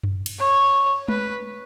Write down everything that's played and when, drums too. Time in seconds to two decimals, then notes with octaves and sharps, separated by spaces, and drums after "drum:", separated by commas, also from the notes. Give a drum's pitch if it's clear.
0.03 drum: tom F#2
0.26 drum: cymbal
0.39 C#5
1.08 B4, drum: tom G#3